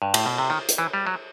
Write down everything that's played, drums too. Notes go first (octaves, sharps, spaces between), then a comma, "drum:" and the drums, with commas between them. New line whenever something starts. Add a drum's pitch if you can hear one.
G2
A2, drum: cymbal
B2
C3
D#3
drum: hi-hat
E3
G3
F#3